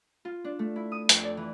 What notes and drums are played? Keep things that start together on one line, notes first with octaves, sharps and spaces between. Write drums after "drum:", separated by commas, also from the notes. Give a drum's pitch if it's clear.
F4
D4
A3
E4
D#6
F2, drum: hi-hat
D5
E3